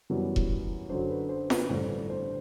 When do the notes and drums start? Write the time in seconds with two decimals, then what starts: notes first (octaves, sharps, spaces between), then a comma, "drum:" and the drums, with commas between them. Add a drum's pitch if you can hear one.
0.10 F#2 E3 G3 B3
0.36 drum: kick E1
0.90 F#2 D3 F#3 C5
1.10 B4
1.29 C5
1.50 B4, drum: snare F4
1.69 A1 G2 D3 C5
2.10 C5